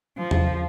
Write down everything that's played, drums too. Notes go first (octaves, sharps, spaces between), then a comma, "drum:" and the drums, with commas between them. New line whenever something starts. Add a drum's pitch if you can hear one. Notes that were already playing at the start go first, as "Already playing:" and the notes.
F3
drum: tom E2